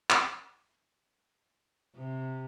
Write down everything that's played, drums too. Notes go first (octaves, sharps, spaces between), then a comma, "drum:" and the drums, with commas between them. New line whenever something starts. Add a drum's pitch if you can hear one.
drum: clap
C3